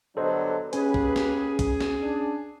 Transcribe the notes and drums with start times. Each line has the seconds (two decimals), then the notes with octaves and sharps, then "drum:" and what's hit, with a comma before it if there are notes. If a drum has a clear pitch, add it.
0.17 G2 D3 F#3 B3 D4 A4 C5 D#5
0.73 A#3 C#4 G4 G#4 B4 G#5, drum: hi-hat
0.94 drum: kick B1
1.16 drum: snare
1.59 drum: kick B1, hi-hat
1.81 drum: snare
2.01 D4